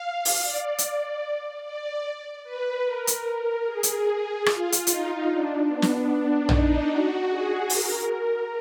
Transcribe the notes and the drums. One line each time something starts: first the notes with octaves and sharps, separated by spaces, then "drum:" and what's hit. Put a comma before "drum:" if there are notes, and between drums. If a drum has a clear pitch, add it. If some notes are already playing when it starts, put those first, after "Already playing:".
Already playing: F5
drum: open hi-hat
D5
drum: hi-hat
D5
B4
A#4
drum: hi-hat
G#4
drum: hi-hat
F4, drum: rim click
drum: hi-hat
D#4, drum: hi-hat
D4
B3
drum: snare
D4
D#4, drum: tom A#1
F#4
G#4
A#4, drum: open hi-hat
A#4